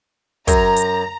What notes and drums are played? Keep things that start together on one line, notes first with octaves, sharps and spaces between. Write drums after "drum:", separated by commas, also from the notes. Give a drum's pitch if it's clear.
F#2 A#5, drum: kick, hi-hat
drum: hi-hat